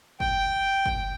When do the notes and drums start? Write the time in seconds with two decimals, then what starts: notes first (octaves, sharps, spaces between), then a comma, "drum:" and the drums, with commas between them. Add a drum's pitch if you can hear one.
0.20 G5, drum: kick
0.86 drum: kick